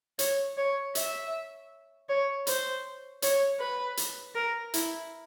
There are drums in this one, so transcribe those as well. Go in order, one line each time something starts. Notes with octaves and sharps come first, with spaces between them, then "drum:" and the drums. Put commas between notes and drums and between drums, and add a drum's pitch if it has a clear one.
C#5, drum: hi-hat
C#5
E5, drum: hi-hat
C#5
C5, drum: hi-hat
C#5, drum: hi-hat
B4
drum: hi-hat
A#4
E4, drum: hi-hat